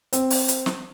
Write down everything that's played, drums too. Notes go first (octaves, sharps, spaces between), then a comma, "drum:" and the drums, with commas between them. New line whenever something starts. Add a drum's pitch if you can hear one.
C4, drum: hi-hat
drum: open hi-hat
drum: hi-hat
drum: snare